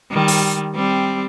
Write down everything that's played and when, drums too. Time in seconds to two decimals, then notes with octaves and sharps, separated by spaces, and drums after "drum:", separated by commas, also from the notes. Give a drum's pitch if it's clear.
0.12 D#3 G3
0.28 drum: open hi-hat
0.75 G3 C4